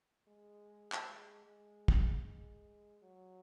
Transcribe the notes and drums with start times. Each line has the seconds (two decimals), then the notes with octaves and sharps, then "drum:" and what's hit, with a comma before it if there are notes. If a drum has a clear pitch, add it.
0.28 G#3
0.92 drum: clap
1.07 G#3
1.46 G#3
1.88 drum: kick
2.25 G#3
3.03 F#3